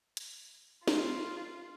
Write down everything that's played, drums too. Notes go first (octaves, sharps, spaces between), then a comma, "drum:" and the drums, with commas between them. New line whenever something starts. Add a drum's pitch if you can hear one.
drum: hi-hat
F4, drum: snare